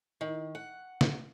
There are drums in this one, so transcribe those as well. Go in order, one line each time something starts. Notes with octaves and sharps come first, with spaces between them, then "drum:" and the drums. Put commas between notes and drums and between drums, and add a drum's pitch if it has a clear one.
D#3
F#5
drum: snare